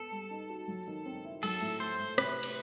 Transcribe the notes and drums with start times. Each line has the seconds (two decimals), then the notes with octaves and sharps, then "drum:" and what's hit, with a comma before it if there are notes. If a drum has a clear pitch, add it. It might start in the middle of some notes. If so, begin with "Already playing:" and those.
Already playing: B3 A4
0.12 G3
0.31 D#4
0.50 F#4
0.68 F#3
0.87 D#3
1.06 C4
1.25 E4
1.43 F#3 A4, drum: cymbal
1.61 A2
1.80 A3 C5
1.99 A2
2.18 C3 B4, drum: rim click
2.43 drum: cymbal